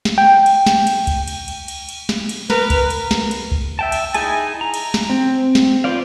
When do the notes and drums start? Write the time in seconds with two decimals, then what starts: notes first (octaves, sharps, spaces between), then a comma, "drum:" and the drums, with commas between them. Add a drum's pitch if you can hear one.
0.05 drum: snare
0.18 G5
0.46 drum: cymbal
0.66 drum: snare
0.87 drum: cymbal
1.07 drum: kick C#2, cymbal
1.28 drum: cymbal
1.48 drum: cymbal
1.68 drum: cymbal
1.89 drum: cymbal
2.09 drum: snare
2.29 drum: cymbal
2.50 A#4 B4, drum: snare
2.70 drum: kick C#2, cymbal
2.90 drum: cymbal
3.11 drum: snare
3.31 drum: cymbal
3.52 drum: kick C#2
3.79 E5 G5 A5
3.92 drum: cymbal
4.14 D#4 E4 G#4 G#5 A5, drum: cymbal
4.61 A#5
4.74 drum: cymbal
4.94 drum: snare
5.10 C4
5.55 drum: snare
5.84 F4 B4 C5 D5 F5